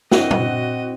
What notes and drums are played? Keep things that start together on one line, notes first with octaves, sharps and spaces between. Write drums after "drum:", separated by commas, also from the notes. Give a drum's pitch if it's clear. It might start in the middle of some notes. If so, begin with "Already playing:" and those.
C4 D4 E4 F#4 D#5, drum: snare
drum: tom A#2